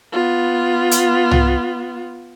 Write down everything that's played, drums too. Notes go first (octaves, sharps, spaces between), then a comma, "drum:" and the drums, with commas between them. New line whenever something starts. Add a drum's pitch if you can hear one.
B3 F4
drum: hi-hat
drum: tom